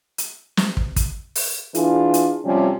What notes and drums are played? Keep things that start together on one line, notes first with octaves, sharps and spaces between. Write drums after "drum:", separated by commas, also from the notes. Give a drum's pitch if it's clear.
drum: hi-hat
drum: snare
drum: kick
drum: kick, hi-hat
drum: open hi-hat
E3 D4 E4 F4 G#4, drum: hi-hat
drum: hi-hat
C3 F3 G3 C#4 G4